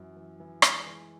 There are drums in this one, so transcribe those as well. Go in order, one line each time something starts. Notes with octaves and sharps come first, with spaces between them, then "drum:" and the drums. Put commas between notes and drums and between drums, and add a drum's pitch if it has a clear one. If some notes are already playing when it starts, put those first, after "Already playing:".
Already playing: F#2 E3
E3
E3
G#3, drum: rim click
E3